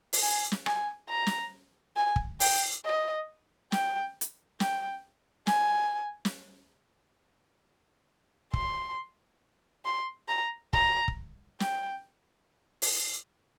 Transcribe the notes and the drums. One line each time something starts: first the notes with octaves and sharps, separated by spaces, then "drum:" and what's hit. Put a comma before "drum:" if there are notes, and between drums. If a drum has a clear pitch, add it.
drum: open hi-hat
G#5
drum: snare
G#5, drum: rim click
A#5
drum: snare
G#5
drum: kick
G5, drum: open hi-hat
D#5
G5, drum: snare
drum: hi-hat
G5, drum: snare
G#5, drum: snare
drum: snare
C6, drum: kick
C6
A#5
A#5, drum: kick
drum: kick
G5, drum: snare
drum: open hi-hat